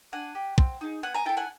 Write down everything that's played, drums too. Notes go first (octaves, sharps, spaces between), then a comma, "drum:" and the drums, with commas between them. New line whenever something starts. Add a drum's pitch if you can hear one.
D4 F#5 G#5
G4
C4, drum: kick
D#4 G#4
B3 F#5 G#5
G#5 A#5
E4 A4 G5 A5
F#5 G#5